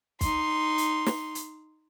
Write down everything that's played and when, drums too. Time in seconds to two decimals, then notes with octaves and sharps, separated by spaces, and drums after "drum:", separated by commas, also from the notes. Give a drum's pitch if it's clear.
0.21 D#4 C6, drum: kick, hi-hat
0.78 drum: hi-hat
1.06 drum: snare
1.35 drum: hi-hat